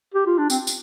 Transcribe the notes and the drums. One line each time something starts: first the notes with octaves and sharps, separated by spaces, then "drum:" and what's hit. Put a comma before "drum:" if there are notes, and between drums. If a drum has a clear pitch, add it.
G4
F4
D4
C4, drum: tambourine
drum: tambourine